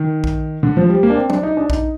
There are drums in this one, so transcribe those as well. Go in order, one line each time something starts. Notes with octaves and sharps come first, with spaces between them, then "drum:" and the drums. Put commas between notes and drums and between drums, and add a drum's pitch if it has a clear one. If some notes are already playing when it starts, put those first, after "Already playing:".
Already playing: D#3
drum: kick A#1
D3
F3
G3
A#3
D4
C4
D4, drum: tom
D#4
D4
D#4, drum: kick A#1